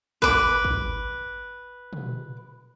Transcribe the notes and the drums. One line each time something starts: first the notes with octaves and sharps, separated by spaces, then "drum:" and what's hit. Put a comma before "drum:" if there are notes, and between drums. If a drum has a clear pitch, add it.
B4 D6, drum: kick
drum: kick
drum: tom